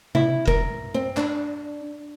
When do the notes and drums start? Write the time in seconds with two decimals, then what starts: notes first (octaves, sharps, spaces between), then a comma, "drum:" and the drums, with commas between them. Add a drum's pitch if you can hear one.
0.15 E4, drum: tom C3
0.48 A#4, drum: kick
0.94 C4
1.17 D4, drum: clap